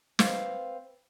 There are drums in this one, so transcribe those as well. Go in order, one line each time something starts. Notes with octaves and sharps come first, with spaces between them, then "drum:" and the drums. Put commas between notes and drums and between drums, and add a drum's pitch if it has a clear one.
C4 B4 C5 F5, drum: snare